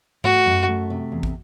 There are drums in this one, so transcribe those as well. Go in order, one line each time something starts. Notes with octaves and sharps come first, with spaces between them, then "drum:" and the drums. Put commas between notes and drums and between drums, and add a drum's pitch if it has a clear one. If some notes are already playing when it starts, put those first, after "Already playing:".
A3 F#4, drum: tom G#2
F#2
A3
C3
E2
drum: kick